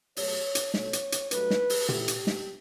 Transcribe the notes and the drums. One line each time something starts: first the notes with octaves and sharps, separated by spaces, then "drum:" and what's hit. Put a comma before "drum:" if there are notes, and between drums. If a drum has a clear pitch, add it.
B2 F#3 A3 C#5, drum: open hi-hat
drum: hi-hat
B2 A3 C#5, drum: snare
drum: hi-hat
drum: hi-hat
G2 F#3 A3 B4, drum: hi-hat
drum: snare
drum: open hi-hat
A2 E3 A3 G4, drum: tom
drum: hi-hat
drum: snare